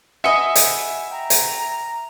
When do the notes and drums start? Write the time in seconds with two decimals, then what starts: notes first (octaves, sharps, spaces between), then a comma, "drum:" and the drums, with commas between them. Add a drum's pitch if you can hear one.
0.24 F#4 D#5 E5 G#5 B5 E6 C#7
0.55 drum: hi-hat
1.11 G5 A#5
1.30 drum: hi-hat